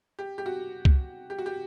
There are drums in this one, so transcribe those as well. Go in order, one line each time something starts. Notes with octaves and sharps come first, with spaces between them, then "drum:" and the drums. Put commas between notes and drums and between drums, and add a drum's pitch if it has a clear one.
G4
G4
F#4
drum: kick C2
G4
F#4
G4